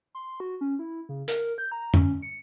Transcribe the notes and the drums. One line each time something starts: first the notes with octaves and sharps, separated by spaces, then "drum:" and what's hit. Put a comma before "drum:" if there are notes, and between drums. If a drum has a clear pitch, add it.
C6
F#4
C#4
E4
C#3
A#4, drum: hi-hat
G6
A#5
C#4, drum: tom
C#7